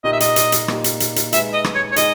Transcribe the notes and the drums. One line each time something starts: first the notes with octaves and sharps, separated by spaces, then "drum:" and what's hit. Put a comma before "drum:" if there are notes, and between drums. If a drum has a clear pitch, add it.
A#2 A#3 D#4 G4 D#5
E5
D#5, drum: hi-hat
drum: hi-hat
drum: hi-hat
A#2 A#3 D#4 G4, drum: rim click
drum: hi-hat
drum: hi-hat
drum: hi-hat
G#3 D#4 G#4 B4 E5, drum: hi-hat
D#5
drum: rim click
C#5
C#5
G#3 D#4 G#4 D#5, drum: hi-hat